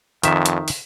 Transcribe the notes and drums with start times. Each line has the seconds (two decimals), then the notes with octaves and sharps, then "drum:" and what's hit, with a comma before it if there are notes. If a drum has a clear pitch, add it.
0.23 F2 D#3 E5, drum: hi-hat
0.46 drum: hi-hat
0.68 drum: open hi-hat